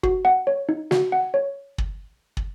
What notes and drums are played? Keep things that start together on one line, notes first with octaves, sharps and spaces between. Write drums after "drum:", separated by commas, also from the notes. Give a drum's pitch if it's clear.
F#4, drum: kick
F#5
C#5
D#4
F#4, drum: snare
F#5
C#5
drum: kick
drum: kick